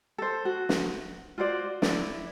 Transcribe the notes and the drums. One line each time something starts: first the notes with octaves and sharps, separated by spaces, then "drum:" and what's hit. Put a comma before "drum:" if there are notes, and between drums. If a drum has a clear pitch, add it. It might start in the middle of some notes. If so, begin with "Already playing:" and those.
A4 C5
F#4
drum: snare
F4 F#4 C5 D5
E4 D5, drum: snare